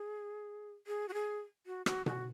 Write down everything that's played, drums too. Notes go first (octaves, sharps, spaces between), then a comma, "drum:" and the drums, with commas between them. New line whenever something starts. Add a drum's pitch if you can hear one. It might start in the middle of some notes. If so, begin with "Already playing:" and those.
Already playing: G#4
G#4
F#4
G#4
F#4
F#4, drum: rim click
F#4, drum: tom B2